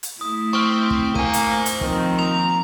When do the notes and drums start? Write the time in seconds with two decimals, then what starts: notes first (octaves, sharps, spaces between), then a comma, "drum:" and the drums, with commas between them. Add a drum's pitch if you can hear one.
0.03 drum: hi-hat
0.21 A3 E4 D#6
0.53 C4 C#6 F6
0.90 drum: kick
1.15 A#3 C5 G#5 D#7, drum: kick
1.33 drum: hi-hat
1.66 drum: hi-hat
1.81 D#3 F3 A#3 C4, drum: kick
2.19 A#5 F7